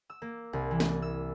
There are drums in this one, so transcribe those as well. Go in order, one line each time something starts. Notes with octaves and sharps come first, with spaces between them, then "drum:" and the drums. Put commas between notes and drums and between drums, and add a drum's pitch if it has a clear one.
E6
A#3
C2
E3
drum: snare
E6